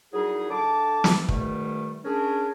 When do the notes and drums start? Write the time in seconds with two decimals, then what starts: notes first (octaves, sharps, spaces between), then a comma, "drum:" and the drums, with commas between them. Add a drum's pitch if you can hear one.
0.13 F#2 F#3 G3 D#4 E4 G#4
0.50 D3 A5 D6
1.04 drum: snare
1.29 G#2 B2 D#3 G3 A3, drum: kick
2.05 C#4 D4 G#4 A#4